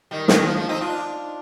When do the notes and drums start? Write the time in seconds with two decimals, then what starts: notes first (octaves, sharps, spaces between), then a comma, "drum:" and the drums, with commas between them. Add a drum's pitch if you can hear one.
0.11 D#3 G3
0.28 D#3, drum: snare
0.46 F3
0.57 F3
0.69 C4 D#4
0.81 D4 F4